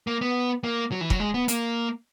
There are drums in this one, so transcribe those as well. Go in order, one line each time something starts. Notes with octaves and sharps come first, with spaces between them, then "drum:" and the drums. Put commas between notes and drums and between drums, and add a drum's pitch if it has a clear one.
A#3
B3
A#3
F#3
E3
F#3, drum: kick
G#3
B3
A#3, drum: hi-hat